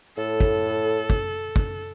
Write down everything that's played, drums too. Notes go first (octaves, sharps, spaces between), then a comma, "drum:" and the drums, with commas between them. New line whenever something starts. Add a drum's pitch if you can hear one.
A2 A4
drum: kick
drum: kick
drum: kick